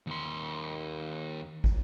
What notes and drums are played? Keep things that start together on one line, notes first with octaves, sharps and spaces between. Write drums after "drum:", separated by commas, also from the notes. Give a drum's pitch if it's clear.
D#2 C6
drum: kick